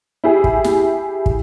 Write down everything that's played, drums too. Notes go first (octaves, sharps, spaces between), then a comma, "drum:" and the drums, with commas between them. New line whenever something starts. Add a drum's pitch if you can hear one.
E4 G4 G#4
drum: kick
drum: snare
drum: kick